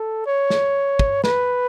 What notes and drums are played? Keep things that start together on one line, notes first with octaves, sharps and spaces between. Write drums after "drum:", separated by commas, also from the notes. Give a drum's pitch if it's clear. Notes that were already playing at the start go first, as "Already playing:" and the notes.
Already playing: A4
C#5
drum: snare
drum: kick
B4, drum: snare